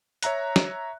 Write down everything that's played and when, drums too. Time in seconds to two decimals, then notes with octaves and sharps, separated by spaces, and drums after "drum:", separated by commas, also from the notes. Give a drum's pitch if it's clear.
0.23 C#5 E5 A#5 F#6, drum: hi-hat
0.56 drum: snare